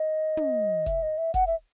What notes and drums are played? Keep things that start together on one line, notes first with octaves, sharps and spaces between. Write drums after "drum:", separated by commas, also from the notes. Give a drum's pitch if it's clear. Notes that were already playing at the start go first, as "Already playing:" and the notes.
Already playing: D#5
drum: tom
E5, drum: kick F1, hi-hat
D#5
E5
F#5, drum: kick F1, hi-hat
E5